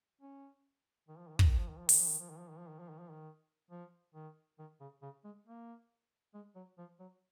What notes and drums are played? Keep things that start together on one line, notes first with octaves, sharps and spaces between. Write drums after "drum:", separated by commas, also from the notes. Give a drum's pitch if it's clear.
C#4
D#3
F3
D#3
F3, drum: kick
D#3
F3
D#3
F3
D#3, drum: open hi-hat
F3
D#3
F3
D#3
F3
D#3
F3
D#3
F3
D#3
F3
D#3
F3
D#3
D#3
C#3
C#3
G#3
A#3
G#3
F#3
F3
F#3